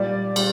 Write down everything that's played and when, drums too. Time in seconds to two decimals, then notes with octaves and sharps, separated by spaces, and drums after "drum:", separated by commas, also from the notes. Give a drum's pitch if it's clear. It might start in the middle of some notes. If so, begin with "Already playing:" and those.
Already playing: A#2 G3 D5
0.36 G3, drum: cymbal